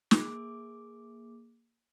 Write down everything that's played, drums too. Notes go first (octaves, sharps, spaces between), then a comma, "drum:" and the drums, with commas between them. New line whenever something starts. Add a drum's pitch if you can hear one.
A#3 G#4 D6, drum: snare